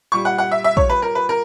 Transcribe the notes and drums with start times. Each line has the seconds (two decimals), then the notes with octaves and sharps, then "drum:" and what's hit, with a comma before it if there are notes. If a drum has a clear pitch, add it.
0.12 A#2 G3 C#6
0.25 F#5
0.38 F#5
0.51 E5
0.64 E5
0.77 C#5, drum: kick
0.89 B4
1.02 A#4
1.15 B4
1.29 A#4